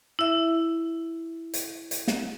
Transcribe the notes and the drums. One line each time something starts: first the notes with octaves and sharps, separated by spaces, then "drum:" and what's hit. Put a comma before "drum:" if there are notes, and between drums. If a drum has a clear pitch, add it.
E4 E5
drum: hi-hat
drum: hi-hat
drum: snare